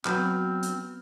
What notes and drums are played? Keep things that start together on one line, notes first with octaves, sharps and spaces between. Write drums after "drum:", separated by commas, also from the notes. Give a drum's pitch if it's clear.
F#3 B3 C4 F6 G6, drum: clap
drum: hi-hat